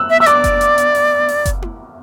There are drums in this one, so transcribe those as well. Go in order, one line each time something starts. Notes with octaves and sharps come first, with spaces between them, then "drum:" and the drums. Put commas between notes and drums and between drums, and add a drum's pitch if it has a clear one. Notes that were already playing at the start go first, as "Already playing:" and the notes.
Already playing: E6 F#6
E5
E5 E6
D5 D6, drum: hi-hat
drum: kick F#1, hi-hat
drum: hi-hat
drum: hi-hat
drum: open hi-hat
drum: open hi-hat
drum: kick F#1, hi-hat
drum: tom E4